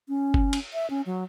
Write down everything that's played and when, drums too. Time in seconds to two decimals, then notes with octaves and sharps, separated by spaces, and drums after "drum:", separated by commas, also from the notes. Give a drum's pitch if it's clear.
0.08 C#4
0.34 drum: kick F#1
0.53 drum: cymbal
0.73 E5
0.90 C#4
1.06 F#3